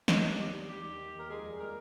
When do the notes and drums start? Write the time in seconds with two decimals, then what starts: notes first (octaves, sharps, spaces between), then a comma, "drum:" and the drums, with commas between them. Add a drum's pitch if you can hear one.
0.08 D#3 D#4 D#5, drum: snare
0.23 D#2
0.28 D4 D5
0.38 G3
0.53 G3
0.68 D#2 G4
0.84 D#2
0.99 D#3
1.14 D#2
1.20 A#4
1.29 F2 G#3 G#4
1.44 G3
1.59 A#3 A#4